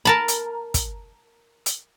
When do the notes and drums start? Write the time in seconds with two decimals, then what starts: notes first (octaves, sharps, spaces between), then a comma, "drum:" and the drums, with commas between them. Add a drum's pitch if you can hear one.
0.05 A#4 A5 B5
0.28 drum: hi-hat
0.74 drum: kick, hi-hat
1.66 drum: hi-hat